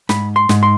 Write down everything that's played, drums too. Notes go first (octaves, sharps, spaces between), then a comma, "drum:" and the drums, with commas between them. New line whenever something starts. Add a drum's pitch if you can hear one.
G#2 B5, drum: snare
C6
G#2, drum: snare
C6